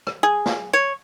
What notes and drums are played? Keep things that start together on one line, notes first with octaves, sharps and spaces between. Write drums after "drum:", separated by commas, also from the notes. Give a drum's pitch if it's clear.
drum: rim click
G#4
drum: snare
C#5